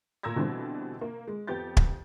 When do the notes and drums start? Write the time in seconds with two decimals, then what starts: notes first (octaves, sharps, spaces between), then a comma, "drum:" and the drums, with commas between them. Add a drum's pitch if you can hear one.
0.23 A#2 A#5 E6 G#6 A#6
0.36 B2 D3 E3 G3 C4
1.01 A#3
1.27 G#3
1.47 F2 B3 G4 G6 A6
1.77 drum: kick